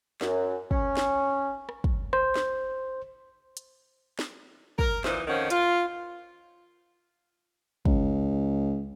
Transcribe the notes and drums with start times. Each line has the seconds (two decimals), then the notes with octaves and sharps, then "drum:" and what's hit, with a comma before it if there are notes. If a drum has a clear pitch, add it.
0.21 F#2, drum: snare
0.71 C#4, drum: kick
0.97 drum: snare
1.69 drum: rim click
1.84 drum: kick
2.13 C5, drum: rim click
2.36 drum: snare
3.57 drum: hi-hat
4.19 drum: snare
4.79 A#4, drum: kick
5.04 A#2 E3 D#4 C5, drum: snare
5.27 F2 D#3 F3 C#4 F#5
5.50 F4, drum: hi-hat
7.85 C#2, drum: kick